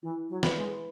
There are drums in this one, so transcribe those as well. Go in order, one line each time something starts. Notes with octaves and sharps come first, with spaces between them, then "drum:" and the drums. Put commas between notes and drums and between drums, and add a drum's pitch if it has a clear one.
E3 E4
F#3
B4 E5 B5, drum: snare
G#3